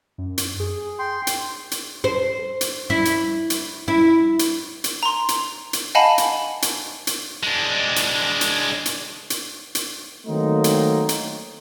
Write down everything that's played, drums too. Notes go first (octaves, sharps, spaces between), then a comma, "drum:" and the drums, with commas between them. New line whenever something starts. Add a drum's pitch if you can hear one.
F#2
drum: hi-hat
G#4
G5 C6
drum: hi-hat
drum: hi-hat
C5
drum: hi-hat
E4
drum: hi-hat
drum: hi-hat
E4
drum: hi-hat
drum: hi-hat
A#5 C6
drum: hi-hat
drum: hi-hat
D#5 F5 F#5 G#5 A5 B5
drum: hi-hat
drum: hi-hat
drum: hi-hat
G#3 D4
drum: hi-hat
drum: hi-hat
drum: hi-hat
drum: hi-hat
drum: hi-hat
D#3 F#3 A3 A#3 C4 D#4
drum: hi-hat
drum: hi-hat